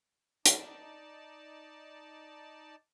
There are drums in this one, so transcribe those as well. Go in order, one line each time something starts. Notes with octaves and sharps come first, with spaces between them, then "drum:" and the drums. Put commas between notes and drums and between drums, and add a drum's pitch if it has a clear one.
D#4 D5 A5, drum: hi-hat